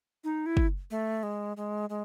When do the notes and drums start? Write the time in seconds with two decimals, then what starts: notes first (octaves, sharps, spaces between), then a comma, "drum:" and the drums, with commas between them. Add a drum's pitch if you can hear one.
0.24 D#4
0.46 E4
0.57 drum: kick
0.91 A3
1.23 G#3
1.57 G#3
1.89 G#3